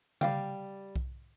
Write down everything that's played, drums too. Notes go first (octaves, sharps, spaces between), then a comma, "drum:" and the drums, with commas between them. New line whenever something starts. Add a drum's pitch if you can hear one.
G3 F5 G5, drum: tom C#3
drum: kick B1